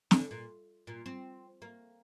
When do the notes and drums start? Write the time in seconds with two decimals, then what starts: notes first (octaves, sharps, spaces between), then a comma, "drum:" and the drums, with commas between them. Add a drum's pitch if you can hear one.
0.11 D3, drum: snare
0.31 A#2
0.87 A#2
1.06 C4
1.62 A#3